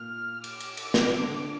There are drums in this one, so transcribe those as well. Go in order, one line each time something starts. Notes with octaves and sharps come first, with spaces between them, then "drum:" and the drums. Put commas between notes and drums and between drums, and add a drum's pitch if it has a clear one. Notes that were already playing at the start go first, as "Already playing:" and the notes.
Already playing: A#2 A#3 F6
D6, drum: cymbal
drum: cymbal
drum: cymbal
F3 F4, drum: snare
D3 D4